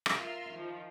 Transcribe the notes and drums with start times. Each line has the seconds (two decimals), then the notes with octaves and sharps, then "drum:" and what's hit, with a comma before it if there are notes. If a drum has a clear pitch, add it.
0.06 drum: rim click
0.16 F4 A#4 E5 C6 F6
0.52 D#3 F3